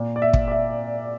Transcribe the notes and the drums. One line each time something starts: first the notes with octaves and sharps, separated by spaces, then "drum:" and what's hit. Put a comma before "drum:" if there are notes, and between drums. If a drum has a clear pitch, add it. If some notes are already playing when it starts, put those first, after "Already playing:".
Already playing: A#2
D5
E5
drum: kick
D5
E5